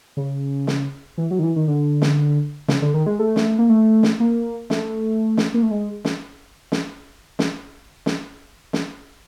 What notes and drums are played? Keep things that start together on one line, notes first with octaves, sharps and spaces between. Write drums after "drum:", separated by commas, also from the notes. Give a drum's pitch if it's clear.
C#3
drum: snare
E3
F#3
D#3
E3
D#3
D3
drum: snare
C#3, drum: snare
D3
D#3
G#3
A3
drum: snare
A#3
A3
drum: snare
A#3
A3, drum: snare
drum: snare
A#3
A3
G#3
drum: snare
drum: snare
drum: snare
drum: snare
drum: snare